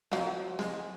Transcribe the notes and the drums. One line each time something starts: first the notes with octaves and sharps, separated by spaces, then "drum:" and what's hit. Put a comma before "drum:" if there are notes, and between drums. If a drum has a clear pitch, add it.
F3 F#3, drum: snare
G#3, drum: snare